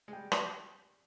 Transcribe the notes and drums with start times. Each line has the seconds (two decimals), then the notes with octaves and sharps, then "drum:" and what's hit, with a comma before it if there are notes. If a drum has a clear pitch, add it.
0.08 G#3
0.13 G3 G5
0.32 drum: rim click